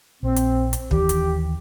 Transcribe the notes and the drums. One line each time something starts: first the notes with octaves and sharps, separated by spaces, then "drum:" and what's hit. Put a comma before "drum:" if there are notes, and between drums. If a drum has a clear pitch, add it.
A#1 C4
drum: hi-hat
drum: hi-hat
D#2 E3 G4, drum: kick
drum: hi-hat